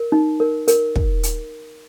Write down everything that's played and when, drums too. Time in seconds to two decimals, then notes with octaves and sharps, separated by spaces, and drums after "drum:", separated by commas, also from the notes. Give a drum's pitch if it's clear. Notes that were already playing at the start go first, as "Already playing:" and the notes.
Already playing: A#4
0.12 D#4
0.40 A#4
0.68 A#4, drum: hi-hat
0.96 drum: kick
1.23 drum: hi-hat